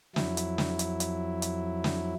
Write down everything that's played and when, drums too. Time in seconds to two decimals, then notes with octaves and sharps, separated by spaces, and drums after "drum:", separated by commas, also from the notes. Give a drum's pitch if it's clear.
0.16 F2 F#3 E4, drum: snare
0.37 drum: hi-hat
0.58 drum: snare
0.79 drum: hi-hat
1.00 drum: hi-hat
1.42 drum: hi-hat
1.84 drum: snare